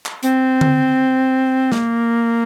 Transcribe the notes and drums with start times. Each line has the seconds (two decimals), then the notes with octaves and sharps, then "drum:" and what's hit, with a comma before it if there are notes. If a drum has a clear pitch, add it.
0.06 drum: clap
0.23 C4, drum: hi-hat
0.61 drum: tom D3
1.72 A#3, drum: snare